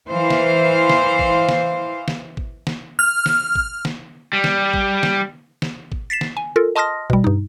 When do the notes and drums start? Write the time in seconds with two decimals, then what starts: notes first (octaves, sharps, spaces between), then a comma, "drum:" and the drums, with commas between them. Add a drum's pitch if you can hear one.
0.11 E3 C5 F5
0.30 drum: snare
0.90 drum: snare
1.19 drum: kick G#1
1.49 drum: snare
2.08 drum: snare
2.37 drum: kick G#1
2.67 drum: snare
2.99 F6
3.26 drum: snare
3.55 drum: kick G#1
3.85 drum: snare
4.33 G3
4.44 drum: snare
4.73 drum: kick G#1
5.03 drum: snare
5.62 drum: snare
5.92 drum: kick G#1
6.10 A6 B6 C7 E7
6.21 drum: snare
6.37 G#5
6.56 F4 A4 A#4
6.76 D#5 A5 C6 D#6 F6 A#6
7.10 B2 G3, drum: kick G#1
7.24 G2 D#4